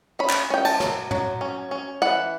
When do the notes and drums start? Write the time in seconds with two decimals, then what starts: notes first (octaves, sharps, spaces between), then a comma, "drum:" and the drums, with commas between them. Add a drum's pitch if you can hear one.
0.19 C#4 B5
0.30 drum: clap
0.50 C#4 G5
0.65 A5, drum: cymbal
0.80 F#3, drum: snare
1.11 F#3, drum: tom
1.41 C#4
1.71 C#4
2.02 E3 F#5